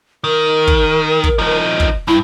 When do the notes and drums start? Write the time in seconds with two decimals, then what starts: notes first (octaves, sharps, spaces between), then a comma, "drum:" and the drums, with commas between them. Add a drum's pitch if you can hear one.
0.24 D#3 A#4
0.67 drum: kick
1.24 drum: kick
1.39 F3 D#4
1.80 drum: kick
2.08 G2 E4